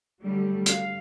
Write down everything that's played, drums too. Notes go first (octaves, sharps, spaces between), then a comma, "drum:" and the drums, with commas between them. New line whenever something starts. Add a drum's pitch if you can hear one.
D3 F#3 G3 A3
F5, drum: hi-hat